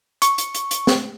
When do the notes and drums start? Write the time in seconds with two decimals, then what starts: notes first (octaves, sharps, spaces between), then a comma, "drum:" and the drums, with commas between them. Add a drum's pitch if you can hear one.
0.22 C#6, drum: hi-hat
0.38 drum: hi-hat
0.55 drum: hi-hat
0.71 drum: hi-hat
0.87 drum: snare